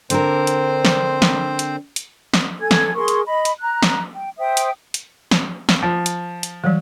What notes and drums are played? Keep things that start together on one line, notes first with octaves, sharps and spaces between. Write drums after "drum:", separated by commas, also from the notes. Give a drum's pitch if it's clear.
D3 C4 D4 A#4 C5, drum: hi-hat
drum: hi-hat
drum: snare
drum: snare
drum: hi-hat
drum: hi-hat
drum: snare
A4 G#5 G#6
drum: snare
G#4 A#4 C6 C#6
drum: hi-hat
D#5 B5
drum: hi-hat
A#5 F#6
drum: snare
G5
C5 E5 G5 D#6
drum: hi-hat
drum: hi-hat
drum: snare
drum: snare
F3
drum: hi-hat
drum: hi-hat
E3 F#3 G3